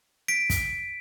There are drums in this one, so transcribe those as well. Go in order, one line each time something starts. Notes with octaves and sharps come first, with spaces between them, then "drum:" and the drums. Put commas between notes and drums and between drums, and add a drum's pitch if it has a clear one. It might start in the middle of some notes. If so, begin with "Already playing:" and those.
B6 D7
drum: kick, hi-hat